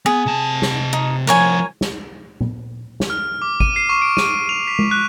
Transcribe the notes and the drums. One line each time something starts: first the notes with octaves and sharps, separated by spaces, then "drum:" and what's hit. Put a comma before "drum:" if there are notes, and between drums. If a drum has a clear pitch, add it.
B3 G#4
C3 A5
drum: snare
D#4
C2 F3 A#4 C#5 G#5
drum: snare
drum: tom A#2
drum: snare
F6
D6
D#7, drum: kick
C7
C#6
D7
D#7, drum: snare
F7
B6
drum: tom G#3
F#6